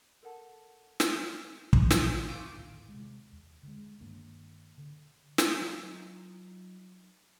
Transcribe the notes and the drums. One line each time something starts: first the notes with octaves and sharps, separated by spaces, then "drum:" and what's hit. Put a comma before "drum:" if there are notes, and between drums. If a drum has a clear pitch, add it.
A4 A#4 F#5 A5
F6, drum: snare
drum: kick
drum: snare
A3 F4 D6
E2 A2 D#3 E3
C3 G#3
E2
D3 G#3
G2 D#3 A#3 D4
D3
drum: snare
F#3 D#4 F4